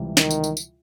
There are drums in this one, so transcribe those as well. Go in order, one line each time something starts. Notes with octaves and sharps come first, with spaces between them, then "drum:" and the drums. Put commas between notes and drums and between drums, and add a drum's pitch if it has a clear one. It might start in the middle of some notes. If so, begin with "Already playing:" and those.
Already playing: C#2 C3 E3 G3
D#3, drum: snare
drum: tambourine
drum: tambourine
drum: tambourine